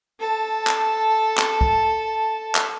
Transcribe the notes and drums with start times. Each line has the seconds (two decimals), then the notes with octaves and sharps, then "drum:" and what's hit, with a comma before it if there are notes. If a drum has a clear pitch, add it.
0.20 A4 A5
0.67 drum: clap
1.37 drum: clap
1.61 drum: kick
2.55 drum: clap